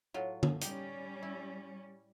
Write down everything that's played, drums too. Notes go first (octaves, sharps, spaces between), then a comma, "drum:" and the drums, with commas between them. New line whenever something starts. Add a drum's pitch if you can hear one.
A2 F#3 F4
drum: tom
G3 C#4 D#4 G4, drum: hi-hat
E4